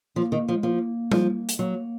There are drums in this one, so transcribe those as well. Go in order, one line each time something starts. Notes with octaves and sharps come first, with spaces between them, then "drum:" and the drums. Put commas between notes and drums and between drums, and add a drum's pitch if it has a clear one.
F3 A#3
D#3
F3
G#3
F3 A#3
F3, drum: tom G3
drum: hi-hat
F#3 A#3